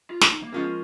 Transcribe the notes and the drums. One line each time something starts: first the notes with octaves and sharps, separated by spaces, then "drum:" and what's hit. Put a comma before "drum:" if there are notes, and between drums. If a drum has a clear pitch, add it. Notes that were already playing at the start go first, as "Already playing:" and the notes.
F4
drum: snare
D#4
A#3
F3 G#3 B3 C#4 F4 A#4